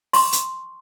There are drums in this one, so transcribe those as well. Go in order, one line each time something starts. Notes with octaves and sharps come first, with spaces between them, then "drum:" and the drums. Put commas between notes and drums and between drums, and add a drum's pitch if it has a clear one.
C6 C#6, drum: open hi-hat
drum: hi-hat